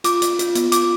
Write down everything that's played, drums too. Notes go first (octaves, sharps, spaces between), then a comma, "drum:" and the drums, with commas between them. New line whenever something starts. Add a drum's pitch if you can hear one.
F4 D6, drum: hi-hat
F4, drum: hi-hat
F4, drum: hi-hat
B3, drum: hi-hat
F4 D6, drum: hi-hat